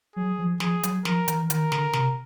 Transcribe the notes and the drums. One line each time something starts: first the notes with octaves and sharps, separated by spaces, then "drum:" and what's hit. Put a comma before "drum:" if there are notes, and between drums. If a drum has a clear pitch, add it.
F#3 G#4
F3
F3 G#4, drum: snare
F#3, drum: hi-hat
F3 A#4, drum: snare
E3, drum: hi-hat
D#3 A#4, drum: hi-hat
D3, drum: snare
C3, drum: snare